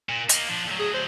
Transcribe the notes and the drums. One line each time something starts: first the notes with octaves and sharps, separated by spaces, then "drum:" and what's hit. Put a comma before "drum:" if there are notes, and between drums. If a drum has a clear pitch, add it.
A#2
A#3 D#4, drum: hi-hat
F3 D4
D2 F#3
G#4
C5